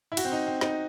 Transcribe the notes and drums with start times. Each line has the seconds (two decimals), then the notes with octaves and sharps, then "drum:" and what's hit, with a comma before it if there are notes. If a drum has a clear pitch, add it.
0.12 E4
0.17 F#4, drum: cymbal
0.25 C4
0.32 D#4
0.47 C4
0.61 D#4, drum: snare